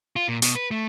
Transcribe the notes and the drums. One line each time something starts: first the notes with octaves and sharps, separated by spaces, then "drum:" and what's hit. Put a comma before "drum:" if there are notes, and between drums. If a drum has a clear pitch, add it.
F4
A#2
B2, drum: hi-hat
B4
A3